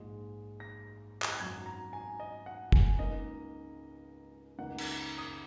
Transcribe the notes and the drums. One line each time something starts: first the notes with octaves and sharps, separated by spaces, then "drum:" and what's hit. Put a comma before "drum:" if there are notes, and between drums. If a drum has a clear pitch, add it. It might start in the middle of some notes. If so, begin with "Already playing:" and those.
Already playing: A#1 G#2 G#3
A#6
D#6, drum: clap
F#6
G#1 F#2 F#3 G#6
A#5
G#5
D#5
F#5
G#5, drum: kick
C#2 C#3 A#3 D#4 D#5
C#2 C#3 A#3 D#4 F#5
A#5, drum: cymbal
D#6